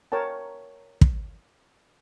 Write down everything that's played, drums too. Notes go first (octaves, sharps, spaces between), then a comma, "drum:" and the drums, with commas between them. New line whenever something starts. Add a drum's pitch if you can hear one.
A#4 C#5 G5 A5
drum: kick